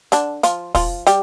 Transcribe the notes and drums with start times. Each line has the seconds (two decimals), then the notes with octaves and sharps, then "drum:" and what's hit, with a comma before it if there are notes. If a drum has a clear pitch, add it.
0.12 D3 D4, drum: hi-hat
0.43 F3 F4, drum: hi-hat
0.75 F3 F4, drum: kick, open hi-hat
1.07 G3 G4, drum: hi-hat